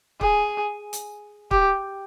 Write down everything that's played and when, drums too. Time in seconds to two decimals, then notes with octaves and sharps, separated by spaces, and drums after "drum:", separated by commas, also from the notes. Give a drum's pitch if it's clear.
0.21 G#4, drum: kick
0.93 drum: hi-hat
1.51 G4, drum: kick